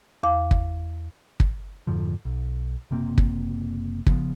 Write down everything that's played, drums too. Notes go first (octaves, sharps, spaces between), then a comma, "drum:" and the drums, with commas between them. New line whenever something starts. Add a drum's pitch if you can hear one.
E2 F5 D6
drum: kick
drum: kick
F2 G#2 D3 F3
B1
F#1 C3 A#3 C4
drum: kick
C#3 F3 B3, drum: kick